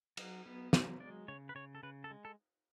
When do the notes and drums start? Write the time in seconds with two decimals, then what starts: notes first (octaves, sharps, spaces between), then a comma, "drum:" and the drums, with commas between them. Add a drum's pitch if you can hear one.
0.17 F#3, drum: cymbal
0.46 B3
0.73 F#3, drum: snare
1.00 G#3 D5
1.28 C#3 C#5
1.49 B4
1.55 C#3 C#5
1.75 A4
1.83 C#3 B4
2.04 A4
2.11 G#3
2.25 A4